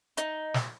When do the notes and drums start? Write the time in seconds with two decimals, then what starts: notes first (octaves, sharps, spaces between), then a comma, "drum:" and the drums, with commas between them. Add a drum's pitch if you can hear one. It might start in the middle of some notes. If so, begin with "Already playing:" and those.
0.17 D#4, drum: hi-hat
0.54 drum: snare